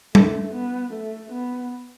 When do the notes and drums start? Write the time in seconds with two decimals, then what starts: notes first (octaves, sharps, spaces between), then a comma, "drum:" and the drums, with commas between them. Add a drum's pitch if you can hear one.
0.15 A3, drum: tom G3
0.54 B3
0.93 A3
1.32 B3